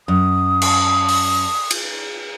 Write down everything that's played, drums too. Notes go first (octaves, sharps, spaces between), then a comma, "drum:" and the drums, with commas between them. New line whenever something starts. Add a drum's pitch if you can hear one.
F#2 D#6
drum: cymbal
drum: open hi-hat
drum: cymbal